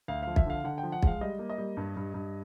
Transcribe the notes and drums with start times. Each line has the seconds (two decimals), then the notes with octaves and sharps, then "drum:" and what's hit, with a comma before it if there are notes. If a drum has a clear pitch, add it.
0.08 D2 F5
0.23 F3 F5
0.36 E5, drum: kick
0.46 D3 F5
0.64 D3 F#5
0.78 G5
0.83 F3
0.92 F#5
1.03 G#3 F5, drum: kick
1.21 G3 D#5
1.39 A#3
1.50 D#5
1.58 G3
1.77 G2
1.97 G2
2.14 G2